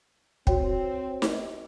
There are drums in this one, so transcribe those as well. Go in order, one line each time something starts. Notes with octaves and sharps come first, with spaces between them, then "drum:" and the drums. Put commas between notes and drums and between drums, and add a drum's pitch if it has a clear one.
C4 F#4 C#5 G5, drum: kick
drum: snare D#4